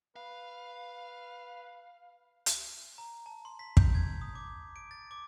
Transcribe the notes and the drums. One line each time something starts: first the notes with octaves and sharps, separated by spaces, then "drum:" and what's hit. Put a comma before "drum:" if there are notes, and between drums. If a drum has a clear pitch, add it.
B4 F5
drum: hi-hat
A#5
A5
C6
B6
G6, drum: kick
G#6
D#6
D6
D7
A6
D6